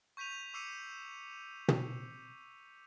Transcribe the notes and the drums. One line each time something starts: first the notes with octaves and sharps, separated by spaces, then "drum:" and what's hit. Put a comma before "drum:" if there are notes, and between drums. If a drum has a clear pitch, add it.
C#6 G6 B6 D#7 F7
C#6 D6 E6 C7 C#7 D#7
drum: tom